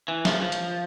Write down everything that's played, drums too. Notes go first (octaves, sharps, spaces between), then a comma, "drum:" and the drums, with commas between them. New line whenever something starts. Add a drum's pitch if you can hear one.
E3
F3, drum: snare
F3
drum: hi-hat